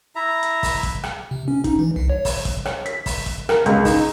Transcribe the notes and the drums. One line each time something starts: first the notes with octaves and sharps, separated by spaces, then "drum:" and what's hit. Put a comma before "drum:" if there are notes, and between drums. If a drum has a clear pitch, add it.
E4 E5 A#5
drum: hi-hat
drum: kick, open hi-hat
drum: kick, hi-hat
drum: rim click
C3
C#4
D#4, drum: kick, hi-hat
E3
C2
C#5
drum: kick, open hi-hat
drum: kick, hi-hat
C#5, drum: rim click
B6, drum: hi-hat
drum: kick, open hi-hat
drum: kick, hi-hat
A#4, drum: rim click
C#2, drum: hi-hat
D#4, drum: kick, open hi-hat